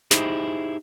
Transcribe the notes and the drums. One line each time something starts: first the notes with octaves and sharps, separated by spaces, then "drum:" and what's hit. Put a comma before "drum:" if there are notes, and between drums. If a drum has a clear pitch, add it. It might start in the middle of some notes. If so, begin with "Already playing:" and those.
D#4 E4 G4 G#4 C5, drum: snare